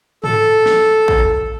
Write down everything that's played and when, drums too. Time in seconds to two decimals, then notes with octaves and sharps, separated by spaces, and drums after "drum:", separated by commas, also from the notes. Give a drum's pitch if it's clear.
0.24 A4, drum: tom G#2
0.66 drum: snare
1.08 drum: kick